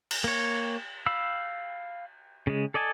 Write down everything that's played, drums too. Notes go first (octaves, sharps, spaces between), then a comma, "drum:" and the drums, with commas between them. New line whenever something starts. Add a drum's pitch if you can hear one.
drum: cymbal
A#3 C#5
F5 B5 E6
C#3 G#3
A4 D5 D#5 G#5 A5